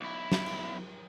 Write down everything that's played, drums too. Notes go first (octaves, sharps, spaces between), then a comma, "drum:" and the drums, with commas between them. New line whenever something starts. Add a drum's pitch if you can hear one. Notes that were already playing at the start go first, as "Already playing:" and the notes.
B1 E4
drum: snare
drum: cymbal